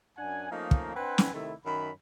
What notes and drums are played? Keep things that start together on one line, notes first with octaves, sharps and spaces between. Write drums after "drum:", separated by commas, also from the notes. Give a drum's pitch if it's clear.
F#2 D4 F#5 G#5
F3 A3 A#3 C#4 D#4
drum: kick
C4 D4 B4 C5 F#5 G#5
drum: snare
C3 D#3 A3 E4
F#2 D#3 F#3 B5